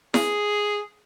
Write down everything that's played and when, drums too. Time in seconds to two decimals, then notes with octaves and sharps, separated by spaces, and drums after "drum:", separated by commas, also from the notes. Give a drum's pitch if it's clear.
0.14 G#4, drum: snare E4